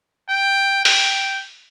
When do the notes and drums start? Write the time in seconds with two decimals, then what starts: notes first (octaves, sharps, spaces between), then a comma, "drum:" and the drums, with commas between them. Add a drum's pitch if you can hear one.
0.30 G5
0.85 G5, drum: open hi-hat